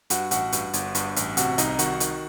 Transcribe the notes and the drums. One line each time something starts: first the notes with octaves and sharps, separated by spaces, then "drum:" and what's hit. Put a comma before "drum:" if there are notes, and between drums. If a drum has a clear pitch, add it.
G2 F#4 F#5, drum: hi-hat
A1 F#4 F#5, drum: hi-hat
G2, drum: hi-hat
G1, drum: hi-hat
G2, drum: hi-hat
A1, drum: hi-hat
C3 F#4 F#5, drum: hi-hat
C2 D#4 D#5, drum: hi-hat
D#3 F#4 F#5, drum: hi-hat
D#3, drum: hi-hat